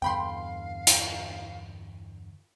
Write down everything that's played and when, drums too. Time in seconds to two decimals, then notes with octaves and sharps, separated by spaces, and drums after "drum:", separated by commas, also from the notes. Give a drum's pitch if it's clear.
0.02 E2 G2 D3 F5 G5 B5 C6
0.87 drum: hi-hat